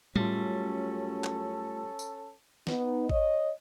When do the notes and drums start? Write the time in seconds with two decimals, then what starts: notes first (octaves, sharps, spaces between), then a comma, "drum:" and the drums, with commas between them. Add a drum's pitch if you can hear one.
0.16 F#2 G3 A3 C#4 F4 A4, drum: tom A2
1.24 drum: clap
1.99 drum: tambourine
2.67 B3 D#4, drum: snare
3.10 C#5 D#5, drum: kick G#1